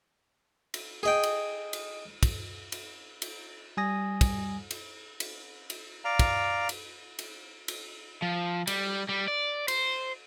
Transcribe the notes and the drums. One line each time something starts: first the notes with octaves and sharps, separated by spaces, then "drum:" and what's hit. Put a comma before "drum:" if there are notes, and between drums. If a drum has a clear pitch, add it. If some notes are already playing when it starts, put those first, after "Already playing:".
drum: cymbal
G#4 D#5 G5
drum: cymbal
drum: cymbal
drum: kick, cymbal
drum: cymbal
drum: cymbal
G3 G#5 D#6 A#6
drum: kick, cymbal
drum: cymbal
drum: cymbal
drum: cymbal
D5 F5 A#5
drum: kick, cymbal
drum: cymbal
drum: cymbal
drum: cymbal
F3
G3, drum: cymbal
G3
D5
C5, drum: cymbal